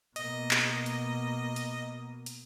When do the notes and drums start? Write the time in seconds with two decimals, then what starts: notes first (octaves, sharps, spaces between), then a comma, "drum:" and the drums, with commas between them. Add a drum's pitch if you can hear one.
0.16 B2 A#3 D#5, drum: hi-hat
0.51 drum: clap
0.86 drum: hi-hat
1.56 drum: hi-hat
2.26 drum: hi-hat